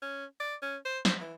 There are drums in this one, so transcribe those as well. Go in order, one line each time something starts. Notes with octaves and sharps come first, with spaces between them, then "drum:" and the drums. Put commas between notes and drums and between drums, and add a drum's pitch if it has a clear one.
C#4
D5
C#4
C5
C5, drum: snare
E3